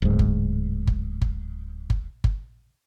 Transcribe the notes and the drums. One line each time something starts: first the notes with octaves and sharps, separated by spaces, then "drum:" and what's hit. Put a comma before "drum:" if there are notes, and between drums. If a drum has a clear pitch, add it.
D1 G#2
drum: kick G1
drum: kick G1
drum: kick G1
drum: kick G1
drum: kick G1